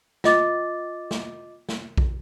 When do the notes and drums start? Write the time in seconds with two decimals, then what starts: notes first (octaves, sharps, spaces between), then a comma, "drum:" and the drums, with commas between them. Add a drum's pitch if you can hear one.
0.24 F4 D#5 D6 A6, drum: snare
1.11 drum: snare
1.69 drum: snare
1.97 drum: kick A#1